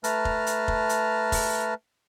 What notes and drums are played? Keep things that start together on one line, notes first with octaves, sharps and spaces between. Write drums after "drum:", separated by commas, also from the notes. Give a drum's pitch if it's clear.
A3 B4 A5 A#5 F6, drum: hi-hat
drum: kick F1
drum: hi-hat
drum: kick F1
drum: hi-hat
drum: kick F1, open hi-hat